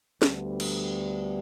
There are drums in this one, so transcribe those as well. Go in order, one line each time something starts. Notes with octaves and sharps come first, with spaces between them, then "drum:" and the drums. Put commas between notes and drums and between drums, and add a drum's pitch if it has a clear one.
D2 D3 G3 B3, drum: snare
drum: cymbal